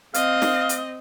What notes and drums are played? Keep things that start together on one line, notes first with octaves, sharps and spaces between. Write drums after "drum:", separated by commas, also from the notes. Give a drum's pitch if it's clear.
C4 D#5 F5, drum: hi-hat
drum: snare
drum: hi-hat